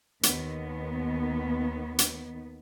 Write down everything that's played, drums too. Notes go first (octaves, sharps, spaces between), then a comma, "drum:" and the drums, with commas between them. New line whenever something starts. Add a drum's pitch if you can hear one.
D#2 D#3 B3, drum: hi-hat
drum: hi-hat